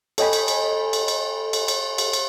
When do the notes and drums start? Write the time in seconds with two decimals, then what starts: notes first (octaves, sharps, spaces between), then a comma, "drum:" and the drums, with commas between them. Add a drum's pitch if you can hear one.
0.18 A4 C#5 D#5 G5 G#5 B5, drum: cymbal
0.33 drum: cymbal
0.48 drum: cymbal
0.93 drum: cymbal
1.08 drum: cymbal
1.53 drum: cymbal
1.68 drum: cymbal
1.98 drum: cymbal
2.13 drum: cymbal